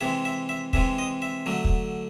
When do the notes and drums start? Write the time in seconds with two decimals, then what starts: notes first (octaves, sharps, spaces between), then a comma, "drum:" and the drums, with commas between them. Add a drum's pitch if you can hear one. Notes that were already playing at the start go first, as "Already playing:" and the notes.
0.01 C3 E3 G#3 E5
0.25 E5
0.49 E5
0.73 C3 E3 G#3 E5, drum: kick
0.98 D#5
1.22 E5
1.46 D3 F#3 A3
1.65 drum: kick